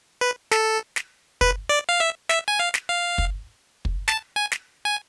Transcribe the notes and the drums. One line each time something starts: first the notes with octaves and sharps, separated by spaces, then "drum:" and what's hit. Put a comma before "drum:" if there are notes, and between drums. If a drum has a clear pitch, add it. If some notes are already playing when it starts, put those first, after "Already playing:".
B4
A4, drum: snare
drum: snare
B4, drum: kick
D5
F5
E5
E5, drum: snare
G#5
F5
drum: snare
F5
drum: kick
drum: kick
A5, drum: snare
G#5
drum: snare
G#5